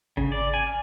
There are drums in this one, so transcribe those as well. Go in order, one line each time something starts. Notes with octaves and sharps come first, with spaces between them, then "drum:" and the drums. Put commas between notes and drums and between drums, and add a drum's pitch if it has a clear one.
C#3, drum: kick G#1
D5
G#5
F6